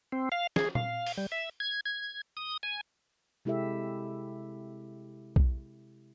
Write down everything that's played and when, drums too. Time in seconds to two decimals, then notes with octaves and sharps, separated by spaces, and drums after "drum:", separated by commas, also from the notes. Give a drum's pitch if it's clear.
0.12 C4
0.32 F5
0.56 G#4, drum: snare
0.75 F5, drum: tom A#2
1.06 drum: open hi-hat
1.17 G3
1.32 E5
1.60 G#6
1.86 G#6
2.37 D#6
2.63 G#5
3.45 C3 G#3 E4 G4 A4 E5
5.36 drum: kick B1